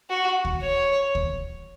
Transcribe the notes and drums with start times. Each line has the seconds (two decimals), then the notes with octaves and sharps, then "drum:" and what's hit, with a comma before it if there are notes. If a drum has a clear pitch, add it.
0.10 F#4
0.45 drum: kick
0.63 C#5
1.15 drum: kick